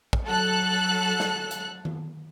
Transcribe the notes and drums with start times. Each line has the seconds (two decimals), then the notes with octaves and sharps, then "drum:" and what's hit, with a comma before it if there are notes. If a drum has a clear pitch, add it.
0.13 drum: kick
0.24 F#3 A4 F#6
1.20 drum: snare
1.51 drum: hi-hat
1.85 drum: tom D#3